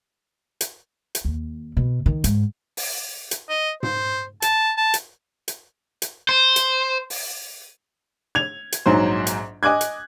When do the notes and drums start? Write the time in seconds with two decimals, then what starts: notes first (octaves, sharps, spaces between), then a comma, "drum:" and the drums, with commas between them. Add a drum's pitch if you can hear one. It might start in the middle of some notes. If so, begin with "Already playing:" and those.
0.61 drum: hi-hat
1.15 drum: hi-hat
1.25 D#2
1.77 B2
2.06 D#3
2.24 G#2, drum: hi-hat
2.77 drum: open hi-hat
3.31 drum: hi-hat
3.49 D#5
3.83 C5, drum: tom G#2
4.42 A5, drum: hi-hat
4.77 A5
4.94 drum: hi-hat
5.48 drum: hi-hat
6.02 drum: hi-hat
6.29 C5
6.56 drum: hi-hat
7.10 drum: open hi-hat
8.35 G#6 F7
8.72 drum: hi-hat
8.86 A#1 G#2 F#3 C5
9.27 drum: hi-hat
9.63 D#5 G#5 D6 F#6 G#6
9.81 drum: hi-hat